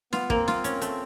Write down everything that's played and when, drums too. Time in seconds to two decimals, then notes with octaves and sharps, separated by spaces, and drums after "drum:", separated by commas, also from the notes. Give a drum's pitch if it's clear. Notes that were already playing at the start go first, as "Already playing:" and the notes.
0.13 B3 F4, drum: snare
0.30 A#3 C4, drum: kick
0.48 F4, drum: snare
0.64 C#4, drum: hi-hat
0.82 A3, drum: hi-hat